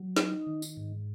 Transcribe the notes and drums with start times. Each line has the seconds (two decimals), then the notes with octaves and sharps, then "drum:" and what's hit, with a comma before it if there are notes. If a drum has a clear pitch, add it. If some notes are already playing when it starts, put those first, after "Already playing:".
Already playing: F#3
0.17 D#4, drum: snare
0.47 D#3
0.62 drum: tambourine
0.77 G#2